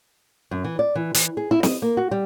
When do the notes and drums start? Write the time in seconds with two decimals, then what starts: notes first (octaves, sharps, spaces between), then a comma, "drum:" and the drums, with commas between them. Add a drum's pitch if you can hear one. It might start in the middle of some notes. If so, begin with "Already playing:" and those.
0.51 F#2
0.64 E3
0.79 D5
0.95 E3
1.14 E3, drum: hi-hat
1.37 G#4
1.51 E4
1.63 D#5, drum: snare
1.82 A#3
1.97 F#4
2.11 G3